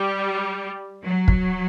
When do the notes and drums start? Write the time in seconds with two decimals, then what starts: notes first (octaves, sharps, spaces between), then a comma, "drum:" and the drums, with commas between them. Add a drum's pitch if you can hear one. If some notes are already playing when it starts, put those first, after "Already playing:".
Already playing: G3
1.05 F#3
1.28 drum: kick